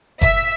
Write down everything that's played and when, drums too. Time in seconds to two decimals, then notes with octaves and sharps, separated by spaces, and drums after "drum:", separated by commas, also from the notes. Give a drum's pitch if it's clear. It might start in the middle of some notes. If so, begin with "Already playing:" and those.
0.22 E5, drum: kick F#1